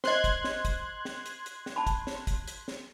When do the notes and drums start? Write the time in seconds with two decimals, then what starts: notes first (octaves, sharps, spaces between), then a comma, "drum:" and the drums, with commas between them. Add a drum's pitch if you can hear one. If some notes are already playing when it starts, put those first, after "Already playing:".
0.04 C5 D#5 C6 F#6 G#6, drum: snare
0.24 drum: kick, hi-hat
0.44 drum: snare
0.65 drum: kick, hi-hat
1.05 drum: snare
1.26 drum: hi-hat
1.46 drum: hi-hat
1.66 drum: snare
1.76 A5 B5
1.87 drum: kick, hi-hat
2.07 drum: snare
2.27 drum: kick, hi-hat
2.48 drum: hi-hat
2.68 drum: snare